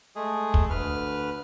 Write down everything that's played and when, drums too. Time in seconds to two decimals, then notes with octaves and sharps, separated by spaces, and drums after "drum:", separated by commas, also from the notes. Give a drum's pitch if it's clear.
0.16 G#3 A3 G#4
0.54 drum: kick
0.70 D2 B4 F6